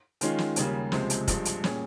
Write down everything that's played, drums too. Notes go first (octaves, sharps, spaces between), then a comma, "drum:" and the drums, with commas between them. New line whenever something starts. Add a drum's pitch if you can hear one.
D#3 G#3 C#4 F4, drum: hi-hat
drum: snare
D#2 C#3 G3 A#3, drum: hi-hat
C#2 C3 F3 G#3 C4, drum: snare
drum: hi-hat
G2 F3 G#3, drum: kick, hi-hat
drum: hi-hat
A#2 G3 C#4 G#4, drum: snare